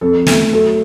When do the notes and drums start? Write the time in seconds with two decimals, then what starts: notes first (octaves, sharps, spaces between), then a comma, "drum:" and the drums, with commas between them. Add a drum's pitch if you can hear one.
0.01 F2 A4
0.27 A3, drum: snare
0.52 F#3 A4